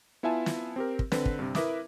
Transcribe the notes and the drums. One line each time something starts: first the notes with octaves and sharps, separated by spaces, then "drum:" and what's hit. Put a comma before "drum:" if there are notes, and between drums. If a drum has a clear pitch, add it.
B3 E4 F4 E5 G#5 A5
drum: snare
C4 G4 A#4
drum: kick
D3 C4 B4, drum: snare
drum: kick
G2 C3
E4 A#4 B4 E5 D6 D#6, drum: snare